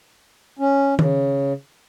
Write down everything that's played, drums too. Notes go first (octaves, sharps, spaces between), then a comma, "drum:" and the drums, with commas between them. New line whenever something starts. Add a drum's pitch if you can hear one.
C#4
C#3, drum: tom D#3